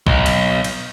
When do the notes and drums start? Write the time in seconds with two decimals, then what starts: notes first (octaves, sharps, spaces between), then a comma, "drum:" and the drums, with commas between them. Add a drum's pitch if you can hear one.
0.07 B1, drum: kick B1
0.26 drum: cymbal
0.64 drum: cymbal